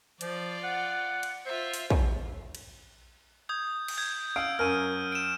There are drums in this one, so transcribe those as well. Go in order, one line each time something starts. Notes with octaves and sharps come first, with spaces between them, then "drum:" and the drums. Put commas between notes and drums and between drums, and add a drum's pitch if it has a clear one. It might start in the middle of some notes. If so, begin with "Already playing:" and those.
F3 F4 D5, drum: hi-hat
F#5
drum: cymbal
F4 C5 E5
drum: open hi-hat
drum: kick
drum: cymbal
D#6 G6 G#6
drum: cymbal
G6 G#6
F5 D#6 E6 G6 D7
F#2 A#4 F6 D#7
D7 E7